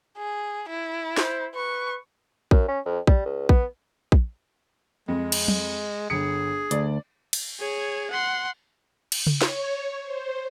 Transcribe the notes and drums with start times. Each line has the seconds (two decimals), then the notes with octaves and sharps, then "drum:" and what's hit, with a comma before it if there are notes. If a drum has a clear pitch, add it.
0.18 G#4
0.68 E4
1.17 C5, drum: snare
1.55 B4 C#6
2.51 F#2, drum: kick A#1
2.68 C#4
2.85 F2
3.07 G3, drum: kick A#1
3.26 C#2
3.49 B3, drum: kick A#1
4.12 drum: kick A#1
5.08 F2 G#3
5.32 drum: cymbal
5.48 drum: tom
6.10 G1 G#4 C#7
6.71 D2 D5, drum: hi-hat
7.33 drum: cymbal
7.60 G#4 C#5
8.10 F#5 C6
9.12 drum: cymbal
9.27 drum: tom C#3
9.42 C#5, drum: snare
10.02 C5